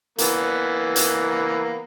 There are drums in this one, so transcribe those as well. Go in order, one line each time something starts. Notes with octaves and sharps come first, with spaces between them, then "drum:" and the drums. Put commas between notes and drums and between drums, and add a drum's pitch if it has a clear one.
E3 A#3 B3, drum: hi-hat
drum: hi-hat